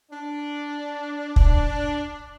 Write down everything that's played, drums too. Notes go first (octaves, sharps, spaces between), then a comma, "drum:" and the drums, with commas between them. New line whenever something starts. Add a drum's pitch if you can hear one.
D4
D4, drum: kick